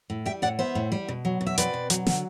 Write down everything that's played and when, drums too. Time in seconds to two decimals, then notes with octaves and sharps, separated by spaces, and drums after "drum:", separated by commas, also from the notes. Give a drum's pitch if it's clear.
0.10 A2
0.26 G3 E5 G5
0.42 A2 D5 F#5
0.59 B3 C5 E5
0.75 A2
0.92 G3
1.08 B2
1.25 F#3
1.41 B2
1.47 E5
1.58 C4 B4 D5, drum: hi-hat
1.74 B2
1.90 F#3, drum: hi-hat
2.07 D3, drum: snare